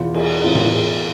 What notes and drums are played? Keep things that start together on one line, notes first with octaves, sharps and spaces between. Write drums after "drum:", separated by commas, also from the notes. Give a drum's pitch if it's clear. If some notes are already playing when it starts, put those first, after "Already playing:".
Already playing: E2 B2 B3 F4
G#4, drum: cymbal
A2 E3 B3 F4
drum: tom A2
G#4